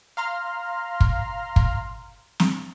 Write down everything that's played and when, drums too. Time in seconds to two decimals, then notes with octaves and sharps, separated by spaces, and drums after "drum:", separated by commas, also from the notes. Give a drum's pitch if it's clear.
0.17 F5 A#5 C6 F6
1.00 drum: kick
1.56 drum: kick
2.40 drum: snare